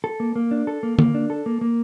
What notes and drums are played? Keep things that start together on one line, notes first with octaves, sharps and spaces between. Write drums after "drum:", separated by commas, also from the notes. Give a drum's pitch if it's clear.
A4
A#3
A#3
D4
A4
A#3
A#3, drum: tom D3
D4
A4
A#3
A#3